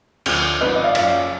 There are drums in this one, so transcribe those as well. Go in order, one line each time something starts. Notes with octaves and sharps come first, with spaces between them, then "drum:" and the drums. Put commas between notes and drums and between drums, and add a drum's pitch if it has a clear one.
D2 D3 F3, drum: cymbal
G#1 G#2 F3 B4 D#5
D#5
D5 F5
F#1 F#2 F3 D5 F5, drum: cymbal